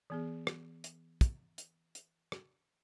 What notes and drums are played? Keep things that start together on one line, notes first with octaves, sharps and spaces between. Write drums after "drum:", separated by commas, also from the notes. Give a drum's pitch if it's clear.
E3 B3 G#4
drum: rim click
drum: hi-hat
drum: kick, hi-hat
drum: hi-hat
drum: hi-hat
drum: rim click